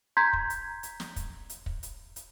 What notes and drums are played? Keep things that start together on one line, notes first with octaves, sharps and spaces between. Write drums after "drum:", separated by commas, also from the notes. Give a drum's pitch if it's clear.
A#5 C6 G6 G#6 B6
drum: kick
drum: hi-hat
drum: hi-hat
drum: snare
drum: kick, hi-hat
drum: hi-hat
drum: kick
drum: hi-hat
drum: hi-hat